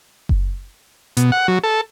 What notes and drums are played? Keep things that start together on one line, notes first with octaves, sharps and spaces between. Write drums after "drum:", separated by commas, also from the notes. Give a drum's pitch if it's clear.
drum: kick F#1
B2, drum: hi-hat
F#5
F#3
A4